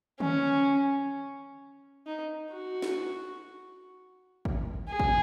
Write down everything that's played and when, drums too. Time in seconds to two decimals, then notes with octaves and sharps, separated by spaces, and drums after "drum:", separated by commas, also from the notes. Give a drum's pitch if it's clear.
0.20 C#4, drum: tom D3
2.07 D#4
2.53 F#4
2.82 drum: snare
4.45 drum: kick
4.88 G#4
5.00 drum: kick